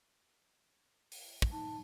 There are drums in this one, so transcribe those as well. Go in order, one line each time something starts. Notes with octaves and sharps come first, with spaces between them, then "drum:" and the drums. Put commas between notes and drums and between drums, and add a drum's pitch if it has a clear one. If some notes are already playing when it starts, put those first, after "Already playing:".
drum: open hi-hat
drum: kick
D#4 A5